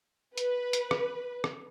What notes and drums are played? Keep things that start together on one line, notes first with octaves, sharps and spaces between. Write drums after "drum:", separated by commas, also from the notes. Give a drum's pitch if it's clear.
B4, drum: hi-hat
drum: hi-hat
drum: rim click
drum: rim click